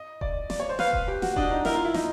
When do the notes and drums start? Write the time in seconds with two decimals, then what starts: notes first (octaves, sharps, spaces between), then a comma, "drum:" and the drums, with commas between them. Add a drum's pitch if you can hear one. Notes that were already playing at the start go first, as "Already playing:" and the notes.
Already playing: D#5
0.21 D5, drum: kick D#1
0.50 D5, drum: snare
0.60 C#5
0.69 C5
0.79 B4 F5, drum: snare
0.93 drum: kick D#1
1.08 G4
1.22 F#4, drum: snare
1.36 D4 D#5, drum: kick D#1
1.51 D#4
1.65 E4 A#4, drum: snare
1.75 F4
1.85 E4
1.94 D#4, drum: snare